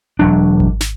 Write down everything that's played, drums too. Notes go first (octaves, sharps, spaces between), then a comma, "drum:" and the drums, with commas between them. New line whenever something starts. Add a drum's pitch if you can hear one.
E1 F#3 D4
drum: kick G#1
drum: snare